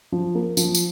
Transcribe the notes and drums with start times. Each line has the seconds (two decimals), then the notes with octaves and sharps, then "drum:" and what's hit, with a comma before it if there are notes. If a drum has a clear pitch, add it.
0.12 F3
0.35 A#3
0.57 F3, drum: tambourine
0.75 drum: tambourine